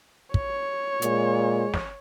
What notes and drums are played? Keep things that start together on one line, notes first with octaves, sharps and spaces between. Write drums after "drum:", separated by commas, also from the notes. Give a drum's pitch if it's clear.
C#5, drum: kick
A#2 G#3, drum: hi-hat
drum: snare